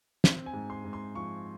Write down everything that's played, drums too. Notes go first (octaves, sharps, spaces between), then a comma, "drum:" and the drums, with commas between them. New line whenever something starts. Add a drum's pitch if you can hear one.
C4, drum: snare
G#5
G#2
C6
G#2
C6
F3 C#6